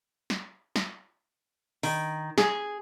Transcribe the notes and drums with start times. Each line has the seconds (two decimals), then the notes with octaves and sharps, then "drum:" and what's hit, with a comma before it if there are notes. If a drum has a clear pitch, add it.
0.30 drum: snare
0.76 drum: snare
1.83 D#3, drum: open hi-hat
2.38 G#4, drum: snare